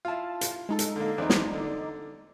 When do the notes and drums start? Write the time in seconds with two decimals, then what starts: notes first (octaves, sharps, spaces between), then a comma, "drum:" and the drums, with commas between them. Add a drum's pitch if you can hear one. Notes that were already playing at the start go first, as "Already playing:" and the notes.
0.05 E4 F4 F5 A5
0.41 drum: hi-hat
0.69 G#3 D#4 A4
0.79 drum: hi-hat
0.96 D3 A#3
1.18 E2 C4 D#4 D5
1.30 drum: snare
1.53 D3